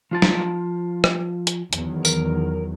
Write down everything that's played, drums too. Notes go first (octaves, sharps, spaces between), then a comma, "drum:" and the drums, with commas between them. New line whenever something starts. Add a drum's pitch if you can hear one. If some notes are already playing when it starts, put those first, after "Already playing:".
F3 F4 A5
drum: snare
drum: rim click
drum: hi-hat
E2 D#3 F#3, drum: hi-hat
A#4, drum: tambourine